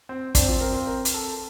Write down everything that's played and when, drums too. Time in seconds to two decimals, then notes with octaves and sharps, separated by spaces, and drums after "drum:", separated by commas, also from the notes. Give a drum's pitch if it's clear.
0.09 C4
0.35 C4 D4, drum: kick, hi-hat
0.48 F4
0.61 A#4
0.75 C5
0.87 A#4
1.05 drum: hi-hat
1.14 A4